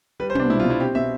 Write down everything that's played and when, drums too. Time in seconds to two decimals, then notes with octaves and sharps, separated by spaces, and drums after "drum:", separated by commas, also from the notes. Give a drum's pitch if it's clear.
0.20 G3 B4
0.30 C5
0.35 C2 D4, drum: tom
0.49 B2 E4
0.60 F4
0.65 B2
0.70 E4
0.80 C4 G4
0.95 B2 E5